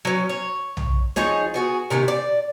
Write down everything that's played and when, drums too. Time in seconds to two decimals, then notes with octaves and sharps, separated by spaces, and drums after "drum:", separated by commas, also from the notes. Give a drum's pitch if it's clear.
0.05 F#3 C#4
0.29 C#5
0.77 drum: tom B1
1.16 F3 D#4 G#4 C#5, drum: snare
1.54 B3 F#4 G#4
1.90 C3 D#3 B3 C#4
2.08 D5